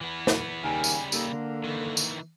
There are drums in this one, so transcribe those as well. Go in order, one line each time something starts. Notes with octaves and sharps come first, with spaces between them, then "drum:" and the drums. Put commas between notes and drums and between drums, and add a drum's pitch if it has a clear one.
E3 B3
drum: snare
D#2 C#3 G3 A#4 F5 G#5
drum: tambourine
A#3 D#4 G4 A4 A#4, drum: tambourine
D3
D#3 E3
drum: tambourine